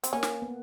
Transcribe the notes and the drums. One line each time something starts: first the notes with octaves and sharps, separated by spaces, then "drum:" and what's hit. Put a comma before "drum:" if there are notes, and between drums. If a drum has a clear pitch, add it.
C4, drum: hi-hat
A#3 C#4
drum: snare
B3